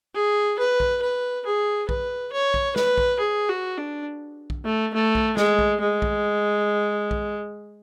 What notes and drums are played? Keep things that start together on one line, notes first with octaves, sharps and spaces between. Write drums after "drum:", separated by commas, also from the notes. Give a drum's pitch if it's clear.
G#4
B4
drum: kick B1
B4
G#4
B4, drum: kick B1
C#5
drum: kick B1
B4, drum: snare
drum: kick B1
G#4
F#4
D4
drum: kick B1
A3
A3
drum: kick B1
G#3, drum: snare
drum: kick B1
G#3
drum: kick B1
drum: kick B1